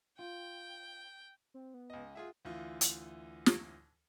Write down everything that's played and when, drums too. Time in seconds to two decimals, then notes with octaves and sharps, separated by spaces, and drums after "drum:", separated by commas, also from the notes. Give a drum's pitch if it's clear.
0.19 F4 G5
1.54 C4
1.74 B3
1.90 C#2 D#5
2.15 F4 G#4 E5 F#5
2.45 D2 E3 F4
2.81 drum: hi-hat
3.46 drum: snare